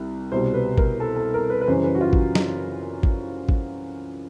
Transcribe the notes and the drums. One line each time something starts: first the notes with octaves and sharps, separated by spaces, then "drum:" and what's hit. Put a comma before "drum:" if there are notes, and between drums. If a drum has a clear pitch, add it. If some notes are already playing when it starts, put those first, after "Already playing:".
Already playing: C2
C2 B2 G3 C5
B4
A#4, drum: kick
A4
A4
A#4
B4
B4
F#2 C#3 E3 G3 C5
B4
F#4
F4
drum: kick
drum: snare
drum: kick
drum: kick